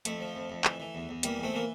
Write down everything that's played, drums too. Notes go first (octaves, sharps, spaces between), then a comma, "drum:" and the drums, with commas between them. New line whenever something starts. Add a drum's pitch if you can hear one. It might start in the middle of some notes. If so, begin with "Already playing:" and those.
F2 A3, drum: hi-hat
F3
F2
F2
E3, drum: clap
E3
E2
E2
E3 G3 A#3, drum: hi-hat
E2 A3 C4
E3 A#3